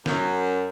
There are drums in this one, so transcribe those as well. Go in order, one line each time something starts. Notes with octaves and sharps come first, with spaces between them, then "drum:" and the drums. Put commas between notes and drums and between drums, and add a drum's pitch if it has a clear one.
F#2, drum: snare